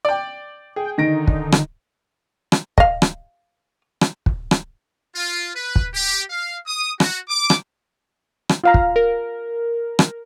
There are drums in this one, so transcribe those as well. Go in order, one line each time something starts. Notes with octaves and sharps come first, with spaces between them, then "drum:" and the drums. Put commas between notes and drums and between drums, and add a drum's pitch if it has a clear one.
D5 G5
G#4 G5
D3 D#3 D#4 A#6 D7
drum: kick
drum: rim click
drum: rim click
D#5 F5, drum: kick
drum: rim click
drum: rim click
drum: kick
drum: rim click
F4
B4
drum: kick
G4
F5
D#6
F#4, drum: rim click
D6
drum: rim click
drum: rim click
F4 F5 A#5
drum: kick
A#4
drum: rim click